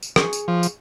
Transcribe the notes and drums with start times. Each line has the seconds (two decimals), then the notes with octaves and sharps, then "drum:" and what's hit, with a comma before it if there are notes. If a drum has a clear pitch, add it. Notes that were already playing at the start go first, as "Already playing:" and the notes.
0.03 drum: tambourine
0.16 G#4 C#6, drum: rim click
0.33 drum: tambourine
0.48 F3
0.63 drum: tambourine